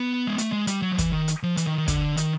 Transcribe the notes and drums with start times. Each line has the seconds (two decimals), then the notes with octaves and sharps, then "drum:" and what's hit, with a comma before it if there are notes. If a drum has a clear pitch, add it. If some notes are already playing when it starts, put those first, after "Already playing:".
Already playing: B3
0.27 G#3
0.38 A3, drum: hi-hat
0.52 G#3
0.67 G3, drum: hi-hat
0.82 F#3
0.92 F3
0.98 E3, drum: kick, hi-hat
1.13 D#3
1.28 drum: hi-hat
1.43 F3
1.57 E3, drum: hi-hat
1.67 D#3
1.78 D#3
1.88 D3, drum: kick, hi-hat
2.17 D#3, drum: hi-hat